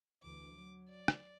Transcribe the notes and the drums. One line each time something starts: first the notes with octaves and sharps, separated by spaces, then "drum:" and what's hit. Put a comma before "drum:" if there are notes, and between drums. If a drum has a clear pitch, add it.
D2 E3 D6
F#3
D5
drum: rim click